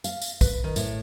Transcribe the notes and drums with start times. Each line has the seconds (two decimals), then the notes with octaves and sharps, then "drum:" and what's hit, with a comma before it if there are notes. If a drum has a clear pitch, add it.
0.04 F5, drum: tambourine
0.22 drum: tambourine
0.41 B4, drum: kick, tambourine
0.64 D#3
0.76 A2, drum: tambourine